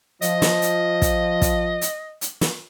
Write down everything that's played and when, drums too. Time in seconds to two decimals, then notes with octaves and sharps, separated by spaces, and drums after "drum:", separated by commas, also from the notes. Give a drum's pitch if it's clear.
0.22 F3 D#5, drum: hi-hat
0.42 drum: snare
0.62 drum: hi-hat
1.02 drum: kick, hi-hat
1.42 drum: kick, hi-hat
1.81 drum: hi-hat
2.21 drum: hi-hat
2.41 drum: snare